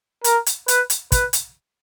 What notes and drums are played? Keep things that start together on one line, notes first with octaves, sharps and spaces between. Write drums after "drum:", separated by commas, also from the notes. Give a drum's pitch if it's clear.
A#4, drum: hi-hat
drum: hi-hat
B4, drum: hi-hat
drum: hi-hat
B4, drum: kick, hi-hat
drum: hi-hat